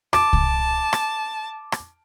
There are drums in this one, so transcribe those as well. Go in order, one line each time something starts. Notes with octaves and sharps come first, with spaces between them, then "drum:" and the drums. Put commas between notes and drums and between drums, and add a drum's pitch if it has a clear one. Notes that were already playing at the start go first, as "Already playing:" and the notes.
A5 D6, drum: rim click
drum: kick C2
drum: rim click
drum: rim click